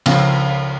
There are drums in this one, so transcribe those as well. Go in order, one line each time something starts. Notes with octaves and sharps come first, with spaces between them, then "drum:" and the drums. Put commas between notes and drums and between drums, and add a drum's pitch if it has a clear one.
C#2 C#3 F3, drum: cymbal